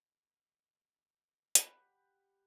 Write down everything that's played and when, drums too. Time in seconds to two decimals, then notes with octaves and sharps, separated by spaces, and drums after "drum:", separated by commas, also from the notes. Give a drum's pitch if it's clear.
1.55 G4 F#5 B5, drum: hi-hat